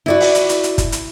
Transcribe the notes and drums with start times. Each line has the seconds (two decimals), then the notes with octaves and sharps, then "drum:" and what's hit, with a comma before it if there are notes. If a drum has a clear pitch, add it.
0.06 E4 F#4 D5 D#5
0.20 drum: open hi-hat
0.35 drum: hi-hat
0.49 drum: hi-hat
0.64 drum: hi-hat
0.78 drum: kick, hi-hat
0.92 drum: hi-hat